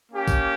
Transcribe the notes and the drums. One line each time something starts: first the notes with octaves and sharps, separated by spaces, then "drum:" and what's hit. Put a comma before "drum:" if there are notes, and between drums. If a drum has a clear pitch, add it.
A#3 C#4 G4
drum: kick A#1, tambourine